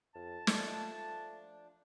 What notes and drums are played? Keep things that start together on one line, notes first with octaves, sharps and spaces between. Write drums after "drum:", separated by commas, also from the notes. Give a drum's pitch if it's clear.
F2 A5
F3 A3 D4, drum: snare